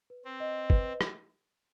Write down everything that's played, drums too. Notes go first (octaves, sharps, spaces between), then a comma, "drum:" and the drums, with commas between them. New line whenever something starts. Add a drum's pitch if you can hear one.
B4
C4
D#5
B4, drum: kick
drum: rim click